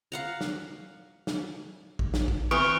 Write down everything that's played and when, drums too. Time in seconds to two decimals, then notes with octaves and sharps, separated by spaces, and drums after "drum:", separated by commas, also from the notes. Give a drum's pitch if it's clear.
0.12 F5 F#5 A#5
0.41 drum: snare
1.27 drum: snare
1.99 drum: kick
2.14 drum: snare
2.28 drum: kick
2.51 E3 C4 B4 C#6 D#6 F6 D7